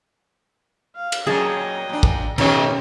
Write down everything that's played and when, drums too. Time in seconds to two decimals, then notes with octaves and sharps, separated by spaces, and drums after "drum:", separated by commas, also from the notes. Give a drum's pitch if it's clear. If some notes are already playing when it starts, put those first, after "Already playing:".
0.96 F5
1.12 drum: cymbal
1.27 A#2 F#3 C#4 G#4 D#5 G5 A5
1.89 A#2 D4
2.03 drum: kick
2.38 B2 D#3 C#4 G4 C5 C#5, drum: cymbal